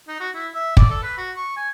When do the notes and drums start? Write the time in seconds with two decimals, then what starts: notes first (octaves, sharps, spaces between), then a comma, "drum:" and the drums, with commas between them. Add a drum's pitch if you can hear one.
0.08 D#4
0.21 F#4
0.35 E4
0.55 E5
0.77 D5, drum: kick
0.90 A4
1.03 B4
1.18 F#4
1.36 C#6
1.57 G#5